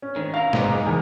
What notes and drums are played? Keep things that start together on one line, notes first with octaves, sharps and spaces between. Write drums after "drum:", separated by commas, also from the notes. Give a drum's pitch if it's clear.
C#4
D2 G#2 D#3
E4 F5 A#5
F#1 G#2 G#3 B3 D5, drum: snare
D#4
E2 A#4